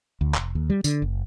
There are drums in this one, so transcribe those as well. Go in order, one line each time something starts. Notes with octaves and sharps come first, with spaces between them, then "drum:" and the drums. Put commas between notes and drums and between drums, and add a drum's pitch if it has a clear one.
D2
F1, drum: clap
D#2
G3
D3, drum: tambourine
F#1